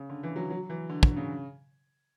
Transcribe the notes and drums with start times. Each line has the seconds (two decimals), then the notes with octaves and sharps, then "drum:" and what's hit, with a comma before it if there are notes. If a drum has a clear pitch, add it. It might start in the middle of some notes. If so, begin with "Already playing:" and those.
Already playing: C#3
0.09 D3
0.23 E3
0.36 F#3
0.50 F#3
0.70 E3
0.89 D3
1.03 D3, drum: kick
1.16 C#3